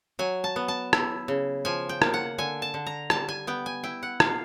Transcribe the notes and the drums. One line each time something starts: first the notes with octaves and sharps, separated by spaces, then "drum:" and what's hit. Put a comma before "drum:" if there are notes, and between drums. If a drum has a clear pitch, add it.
F#3 G#5
A5
B3
A5
E4, drum: rim click
C#3
F3 G#5
G5
A#3, drum: rim click
F#5
D3 G#5
A5
D3
A#5
G3 A5, drum: rim click
G#5
B3 G5
G#5
E4 G5
F#5
B2 F5, drum: rim click